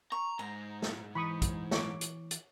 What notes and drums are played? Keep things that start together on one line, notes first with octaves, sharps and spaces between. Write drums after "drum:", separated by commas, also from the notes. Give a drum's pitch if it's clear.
A#5 C#6
G#2 A#5
drum: snare
E3 B5 C#6 D#6
drum: kick, hi-hat
C#5 D6, drum: snare
drum: hi-hat
drum: hi-hat